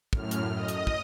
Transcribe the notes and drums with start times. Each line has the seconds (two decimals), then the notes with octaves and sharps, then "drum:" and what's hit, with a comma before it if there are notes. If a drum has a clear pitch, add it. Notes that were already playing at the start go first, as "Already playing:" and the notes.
0.13 F#2 A2 F6, drum: kick
0.31 drum: hi-hat
0.53 D#5 D#6
0.68 drum: hi-hat
0.87 drum: kick